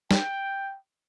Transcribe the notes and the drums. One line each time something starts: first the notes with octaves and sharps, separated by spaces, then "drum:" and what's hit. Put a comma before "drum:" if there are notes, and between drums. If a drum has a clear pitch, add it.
G5, drum: snare